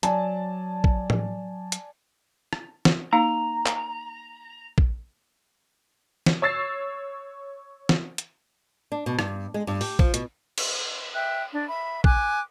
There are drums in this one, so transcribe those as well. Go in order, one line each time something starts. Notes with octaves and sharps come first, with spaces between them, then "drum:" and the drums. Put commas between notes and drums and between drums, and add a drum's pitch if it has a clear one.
F#3 D5 G#5 A5, drum: hi-hat
drum: kick A#1
drum: tom A2
drum: hi-hat
drum: rim click
drum: snare
A#3 D#4 F5 A#5
drum: clap
drum: kick A#1
drum: snare
C#5 E6 A6 C7
drum: snare
drum: hi-hat
D4
B2
G2, drum: rim click
G#3
G2
G4, drum: open hi-hat
F3, drum: kick A#1
B2, drum: hi-hat
drum: cymbal
E5 G5 F#6
D4
E5 B5
G#5 D6 F#6, drum: kick A#1